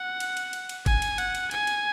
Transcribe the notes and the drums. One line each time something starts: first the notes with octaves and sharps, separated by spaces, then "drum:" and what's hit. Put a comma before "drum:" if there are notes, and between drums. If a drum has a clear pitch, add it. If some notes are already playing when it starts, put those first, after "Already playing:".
Already playing: F#5
drum: cymbal
drum: cymbal
drum: cymbal
drum: cymbal
G#5, drum: kick G1, cymbal
drum: cymbal
F#5, drum: cymbal
drum: cymbal
G#5, drum: cymbal
drum: cymbal